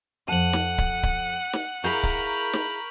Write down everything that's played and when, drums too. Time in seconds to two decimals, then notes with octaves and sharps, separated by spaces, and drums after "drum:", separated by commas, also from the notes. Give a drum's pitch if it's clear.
0.28 F2 F#5 A5 D#7 F#7
0.53 drum: snare
0.78 drum: kick C#1
1.03 drum: kick C#1
1.53 drum: snare
1.84 E4 G#4 A#4 F5 B5 C#6 G6 F7
2.03 drum: kick C#1
2.53 drum: snare